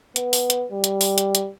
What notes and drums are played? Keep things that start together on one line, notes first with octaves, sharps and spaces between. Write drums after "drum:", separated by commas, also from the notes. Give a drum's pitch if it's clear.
B3, drum: hi-hat
drum: open hi-hat
drum: hi-hat
G3
drum: hi-hat
drum: open hi-hat
drum: hi-hat
drum: hi-hat